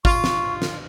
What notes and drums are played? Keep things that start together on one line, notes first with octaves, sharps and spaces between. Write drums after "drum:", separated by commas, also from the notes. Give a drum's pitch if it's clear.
F4 C#6, drum: kick G#1
drum: snare
drum: snare